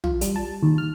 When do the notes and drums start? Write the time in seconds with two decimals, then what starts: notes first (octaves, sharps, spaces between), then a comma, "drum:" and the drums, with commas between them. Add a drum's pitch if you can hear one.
0.04 F4, drum: tom
0.21 G3, drum: hi-hat
0.36 A5
0.63 D#2
0.78 F6